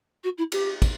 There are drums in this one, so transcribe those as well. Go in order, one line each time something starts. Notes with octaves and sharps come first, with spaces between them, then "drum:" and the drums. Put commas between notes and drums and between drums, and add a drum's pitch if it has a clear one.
F#4
E4
G4, drum: cymbal
drum: kick, cymbal